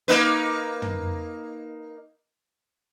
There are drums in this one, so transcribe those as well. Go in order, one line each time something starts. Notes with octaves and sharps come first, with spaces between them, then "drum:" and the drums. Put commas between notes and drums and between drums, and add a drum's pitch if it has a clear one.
A#3 D#4 B4
drum: tom